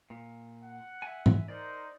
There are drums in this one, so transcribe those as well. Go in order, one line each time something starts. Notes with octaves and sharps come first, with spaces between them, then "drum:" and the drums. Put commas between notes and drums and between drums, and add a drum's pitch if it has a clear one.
A#2
F#5
E5 G#5
drum: tom G#2
D#4 A#4 C5 D5